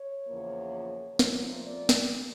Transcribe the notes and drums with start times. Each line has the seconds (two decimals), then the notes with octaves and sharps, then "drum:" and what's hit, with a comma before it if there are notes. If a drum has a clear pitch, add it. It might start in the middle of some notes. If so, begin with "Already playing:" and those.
Already playing: C#5
0.27 E2 C#3 F3 A#3
1.19 A#2 F3 A3 C4, drum: snare
1.66 D5
1.89 drum: snare